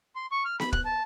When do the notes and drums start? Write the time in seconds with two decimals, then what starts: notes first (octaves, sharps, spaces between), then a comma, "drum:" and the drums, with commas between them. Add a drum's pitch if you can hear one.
0.16 C6
0.31 C#6
0.45 F6
0.60 B5, drum: snare B3
0.73 F#6, drum: kick
0.85 A5